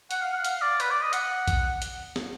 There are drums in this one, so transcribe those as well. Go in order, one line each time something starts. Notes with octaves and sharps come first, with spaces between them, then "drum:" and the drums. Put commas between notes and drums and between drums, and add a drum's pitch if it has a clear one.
F#5, drum: hi-hat
F5
F#5
F5, drum: hi-hat
D5
B4, drum: hi-hat
D5
D#5
F#5, drum: hi-hat
drum: kick A#1, hi-hat
drum: hi-hat
drum: snare